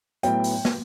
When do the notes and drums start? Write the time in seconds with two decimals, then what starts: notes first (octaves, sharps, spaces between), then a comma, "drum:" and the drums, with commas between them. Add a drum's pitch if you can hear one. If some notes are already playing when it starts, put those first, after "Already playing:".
0.23 A2 F#3 B3 G5, drum: hi-hat
0.44 drum: open hi-hat
0.65 drum: snare